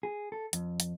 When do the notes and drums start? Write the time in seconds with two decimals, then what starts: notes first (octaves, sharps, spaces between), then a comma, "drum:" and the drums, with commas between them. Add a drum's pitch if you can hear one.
0.03 G#4
0.32 A4
0.53 F2, drum: hi-hat
0.80 drum: hi-hat